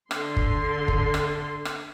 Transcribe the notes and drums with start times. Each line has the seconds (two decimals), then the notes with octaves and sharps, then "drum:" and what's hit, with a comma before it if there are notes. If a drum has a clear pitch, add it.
0.11 D3 C6, drum: rim click
0.36 drum: kick
0.88 drum: kick
1.14 drum: rim click
1.65 drum: rim click